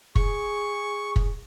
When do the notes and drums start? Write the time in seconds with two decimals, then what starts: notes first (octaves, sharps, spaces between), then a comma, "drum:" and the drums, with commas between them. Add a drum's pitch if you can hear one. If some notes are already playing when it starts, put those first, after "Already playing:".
0.15 G#4 C#6, drum: kick
1.16 drum: kick